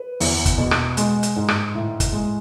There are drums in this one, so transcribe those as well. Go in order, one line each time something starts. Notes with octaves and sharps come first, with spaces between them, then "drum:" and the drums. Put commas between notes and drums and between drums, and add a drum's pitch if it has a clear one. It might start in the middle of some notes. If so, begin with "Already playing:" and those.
Already playing: B4
E2, drum: open hi-hat
drum: kick, hi-hat
B2
drum: rim click
G#3, drum: hi-hat
drum: hi-hat
G#2
drum: rim click
A2
drum: kick, hi-hat
G#3